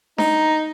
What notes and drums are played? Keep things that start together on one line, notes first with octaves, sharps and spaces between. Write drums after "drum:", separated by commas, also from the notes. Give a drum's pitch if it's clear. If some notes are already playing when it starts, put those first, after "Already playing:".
D#4, drum: snare D4